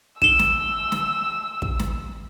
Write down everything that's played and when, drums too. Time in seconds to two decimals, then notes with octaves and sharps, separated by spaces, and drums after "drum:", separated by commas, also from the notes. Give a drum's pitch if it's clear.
0.22 E6 E7 G7, drum: kick
0.39 drum: snare
0.92 drum: snare
1.62 drum: kick
1.79 drum: snare